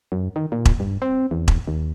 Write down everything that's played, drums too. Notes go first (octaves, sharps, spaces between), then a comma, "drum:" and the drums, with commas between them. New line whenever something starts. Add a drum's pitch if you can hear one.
F#2
D#3
A#2
drum: kick E1
G2
C4
E2
drum: kick E1
D#2